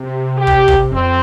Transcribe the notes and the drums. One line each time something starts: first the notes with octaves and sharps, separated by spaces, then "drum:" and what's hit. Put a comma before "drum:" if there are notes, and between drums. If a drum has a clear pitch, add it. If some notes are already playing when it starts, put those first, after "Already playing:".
Already playing: C3
G4
drum: kick
drum: kick
F2 C4